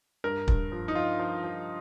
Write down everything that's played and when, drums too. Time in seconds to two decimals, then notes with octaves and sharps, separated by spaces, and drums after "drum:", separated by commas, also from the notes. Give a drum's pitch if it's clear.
0.24 G2 A#4
0.48 G2, drum: kick
0.72 F3
0.88 D#4
0.95 F3 F4
1.19 F3
1.44 F3